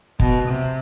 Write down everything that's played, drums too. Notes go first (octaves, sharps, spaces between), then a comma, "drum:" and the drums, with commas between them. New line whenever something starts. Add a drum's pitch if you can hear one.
B2, drum: kick
C3